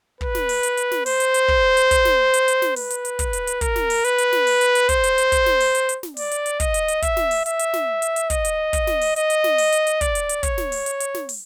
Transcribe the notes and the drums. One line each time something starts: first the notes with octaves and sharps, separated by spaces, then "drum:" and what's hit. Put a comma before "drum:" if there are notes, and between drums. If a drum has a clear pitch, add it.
B4, drum: kick
drum: snare
drum: open hi-hat
drum: hi-hat
drum: hi-hat
drum: snare
C5, drum: open hi-hat
drum: hi-hat
drum: hi-hat
drum: kick
drum: hi-hat
drum: kick, hi-hat
drum: snare
drum: hi-hat
drum: hi-hat
drum: snare
B4, drum: open hi-hat
drum: hi-hat
drum: hi-hat
drum: kick, hi-hat
drum: hi-hat
drum: hi-hat
A#4, drum: kick, hi-hat
drum: snare
drum: open hi-hat
B4, drum: hi-hat
drum: hi-hat
drum: snare
drum: open hi-hat
drum: hi-hat
drum: hi-hat
C5, drum: kick, hi-hat
drum: hi-hat
drum: hi-hat
drum: kick, hi-hat
drum: snare
drum: open hi-hat
drum: hi-hat
drum: hi-hat
drum: snare
D5, drum: open hi-hat
drum: hi-hat
drum: hi-hat
D#5, drum: kick, hi-hat
drum: hi-hat
drum: hi-hat
E5, drum: kick, hi-hat
drum: snare
drum: open hi-hat
E5, drum: hi-hat
drum: hi-hat
drum: snare
drum: hi-hat
drum: hi-hat
D#5, drum: kick, hi-hat
drum: hi-hat
drum: kick, hi-hat
drum: snare
drum: open hi-hat
D#5, drum: hi-hat
drum: hi-hat
drum: snare
drum: open hi-hat
drum: hi-hat
drum: hi-hat
D5, drum: kick, hi-hat
drum: hi-hat
drum: hi-hat
C#5, drum: kick, hi-hat
drum: snare
drum: open hi-hat
drum: hi-hat
drum: hi-hat
drum: snare
drum: open hi-hat